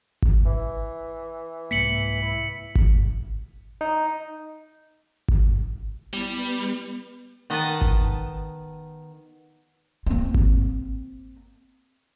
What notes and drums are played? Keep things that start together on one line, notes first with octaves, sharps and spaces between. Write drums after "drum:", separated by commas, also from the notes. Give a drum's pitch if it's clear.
drum: kick G#1
E3
C2 G#2 A#3 B6 C#7 F#7
E4
drum: kick G#1
D#4
drum: kick G#1
G3 B3 E4 B5
B3 B4
D#3 B3 D#5 F#5 A5
drum: kick G#1
A#3 C4
drum: kick G#1